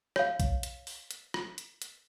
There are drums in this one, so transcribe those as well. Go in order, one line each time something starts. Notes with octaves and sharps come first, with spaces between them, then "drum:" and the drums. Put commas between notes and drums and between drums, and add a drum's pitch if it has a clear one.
C#5 F5, drum: rim click
drum: kick B1, hi-hat
drum: hi-hat
drum: open hi-hat
drum: hi-hat
drum: rim click
drum: hi-hat
drum: hi-hat